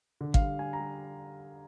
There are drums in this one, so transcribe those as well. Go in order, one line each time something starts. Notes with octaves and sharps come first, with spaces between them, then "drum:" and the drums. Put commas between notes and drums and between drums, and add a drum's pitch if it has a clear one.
D3
F5, drum: kick
G3
G3 G#5
A#5
G3